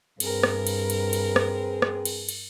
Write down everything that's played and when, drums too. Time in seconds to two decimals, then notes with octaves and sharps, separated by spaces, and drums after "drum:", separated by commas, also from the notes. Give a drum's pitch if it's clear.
0.20 G2 C4 G#4 A#4 B4, drum: cymbal
0.43 drum: rim click
0.67 drum: cymbal
0.90 drum: cymbal
1.13 drum: cymbal
1.36 drum: rim click
1.82 drum: rim click
2.05 drum: cymbal
2.29 drum: cymbal